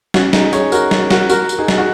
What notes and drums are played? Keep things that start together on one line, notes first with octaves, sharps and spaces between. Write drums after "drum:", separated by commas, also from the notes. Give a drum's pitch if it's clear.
C#4 F#4, drum: snare
D#4 G#4, drum: snare
G#4 C#5, drum: tambourine
F#4 A#4, drum: tambourine
drum: snare
F#4 A#4, drum: snare
F#4 A#4, drum: tambourine
drum: tambourine
D#4 G#4
drum: snare
F#4